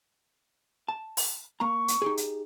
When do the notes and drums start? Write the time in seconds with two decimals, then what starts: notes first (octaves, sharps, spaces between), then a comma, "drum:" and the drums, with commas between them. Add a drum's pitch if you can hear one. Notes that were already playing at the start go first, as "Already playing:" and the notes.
0.88 A5
1.17 drum: open hi-hat
1.60 A#3 A#5 C#6
1.88 drum: hi-hat
2.02 D#4 G4 G#4
2.17 drum: hi-hat